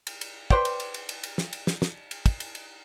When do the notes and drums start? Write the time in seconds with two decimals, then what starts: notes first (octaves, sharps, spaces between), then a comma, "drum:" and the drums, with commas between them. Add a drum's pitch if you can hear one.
0.07 drum: cymbal
0.21 drum: cymbal
0.50 B4 C5 D5 G5, drum: kick
0.65 drum: cymbal
0.80 drum: cymbal
0.94 drum: cymbal
1.09 drum: cymbal
1.23 drum: cymbal
1.38 drum: snare
1.53 drum: cymbal
1.67 drum: snare
1.82 drum: snare
2.11 drum: cymbal
2.26 drum: kick, cymbal
2.40 drum: cymbal
2.55 drum: cymbal